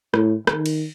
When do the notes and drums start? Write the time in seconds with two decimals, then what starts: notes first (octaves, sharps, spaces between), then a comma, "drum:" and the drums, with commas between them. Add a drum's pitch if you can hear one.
0.14 A2, drum: rim click
0.47 D#3, drum: rim click
0.66 drum: cymbal